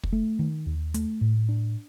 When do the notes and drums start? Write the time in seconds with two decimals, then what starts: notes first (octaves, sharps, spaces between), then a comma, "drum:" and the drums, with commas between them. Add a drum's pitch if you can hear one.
0.03 drum: kick
0.13 A3
0.39 D#3
0.66 D#2
0.94 A3, drum: hi-hat
1.21 A2
1.49 D4